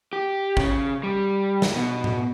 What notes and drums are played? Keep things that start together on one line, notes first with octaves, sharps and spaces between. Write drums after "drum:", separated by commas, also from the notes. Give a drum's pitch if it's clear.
G4
C#3, drum: kick
G3
drum: snare
B2
drum: tom A2